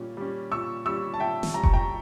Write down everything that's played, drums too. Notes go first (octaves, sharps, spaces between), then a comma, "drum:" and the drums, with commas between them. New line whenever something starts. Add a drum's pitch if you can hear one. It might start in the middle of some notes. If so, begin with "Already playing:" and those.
Already playing: A#2 G3 C#4
G3 C#4
A#2 C#6 E6
G3 C#4 C#6 E6
A5
A#2 E5 G5
drum: snare
G3 C#4 A#5
C#6, drum: kick F1
G5 A#5